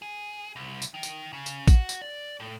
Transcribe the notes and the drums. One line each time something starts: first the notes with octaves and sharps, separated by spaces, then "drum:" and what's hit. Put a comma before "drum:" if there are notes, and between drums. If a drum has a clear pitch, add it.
G#4
C2
drum: tambourine
D#3
drum: tambourine
C#3
drum: tambourine
F#4, drum: kick, tambourine
drum: tambourine
D5
A2